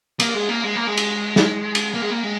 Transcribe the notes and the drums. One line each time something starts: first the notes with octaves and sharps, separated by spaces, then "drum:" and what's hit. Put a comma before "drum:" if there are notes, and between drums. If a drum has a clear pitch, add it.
A#3, drum: cymbal
G#3
A#3
G#3
A#3
G#3
drum: cymbal
drum: snare
drum: cymbal
A#3
G#3
A#3
G#3